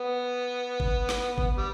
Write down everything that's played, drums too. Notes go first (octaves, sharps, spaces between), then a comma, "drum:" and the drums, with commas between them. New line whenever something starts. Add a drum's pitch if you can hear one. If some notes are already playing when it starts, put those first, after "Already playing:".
Already playing: B3
drum: kick G1
drum: snare
drum: kick G1
G3